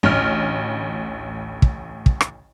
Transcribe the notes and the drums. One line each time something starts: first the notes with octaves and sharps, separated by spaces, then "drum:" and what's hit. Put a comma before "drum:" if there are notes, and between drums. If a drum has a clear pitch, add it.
A1 D2 F6
drum: kick
drum: kick
drum: rim click